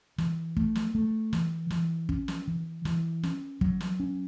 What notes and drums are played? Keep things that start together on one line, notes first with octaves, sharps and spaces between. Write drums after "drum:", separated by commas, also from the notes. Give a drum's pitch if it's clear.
E3, drum: snare
A3, drum: kick
drum: snare
A3
E3, drum: snare
E3, drum: snare
C#4, drum: kick
drum: snare
E3
E3, drum: snare
C#4, drum: snare
F#3, drum: kick
drum: snare
C#4